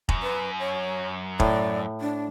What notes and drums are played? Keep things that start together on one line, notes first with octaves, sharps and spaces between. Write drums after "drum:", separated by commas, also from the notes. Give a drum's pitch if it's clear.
F#2, drum: kick F1
B4
C#5
A2 D5, drum: kick F1
D4